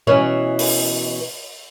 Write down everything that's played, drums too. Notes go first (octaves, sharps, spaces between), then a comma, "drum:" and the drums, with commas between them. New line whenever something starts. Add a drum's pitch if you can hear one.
B2 E3 C#4
drum: open hi-hat